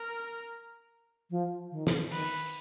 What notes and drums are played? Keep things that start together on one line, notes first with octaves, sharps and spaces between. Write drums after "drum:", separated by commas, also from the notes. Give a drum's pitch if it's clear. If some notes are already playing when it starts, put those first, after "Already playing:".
Already playing: A#4
F3
D#3
drum: snare
D#3 B4, drum: open hi-hat